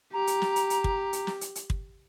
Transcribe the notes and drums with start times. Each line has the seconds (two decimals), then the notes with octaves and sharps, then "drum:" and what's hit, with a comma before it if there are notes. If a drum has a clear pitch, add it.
0.13 G4 A#5
0.27 drum: hi-hat
0.42 drum: snare
0.56 drum: hi-hat
0.70 drum: hi-hat
0.84 drum: kick
1.13 drum: hi-hat
1.27 drum: snare
1.41 drum: hi-hat
1.55 drum: hi-hat
1.70 drum: kick